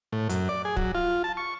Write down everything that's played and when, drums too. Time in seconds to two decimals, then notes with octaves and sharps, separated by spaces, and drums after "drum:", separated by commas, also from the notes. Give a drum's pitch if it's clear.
0.12 A2
0.30 F#2, drum: hi-hat
0.49 D5
0.65 G#4
0.77 F#3, drum: kick
0.95 F4
1.24 A5
1.37 C#6